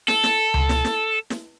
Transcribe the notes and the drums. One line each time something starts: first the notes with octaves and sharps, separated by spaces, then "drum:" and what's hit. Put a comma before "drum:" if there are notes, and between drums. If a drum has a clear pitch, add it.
A4, drum: snare
drum: snare
drum: tom C#2
drum: snare
drum: snare
drum: snare